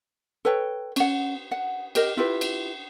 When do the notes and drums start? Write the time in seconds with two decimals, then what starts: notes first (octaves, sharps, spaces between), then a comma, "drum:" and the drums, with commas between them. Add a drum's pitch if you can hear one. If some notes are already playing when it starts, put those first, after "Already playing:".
0.45 A4 B4 C#5 G5
0.96 C#4 F#5, drum: cymbal
1.51 F#5
1.95 G4 A#4 D#5, drum: cymbal
2.17 E4 F4 G4 B4
2.41 drum: cymbal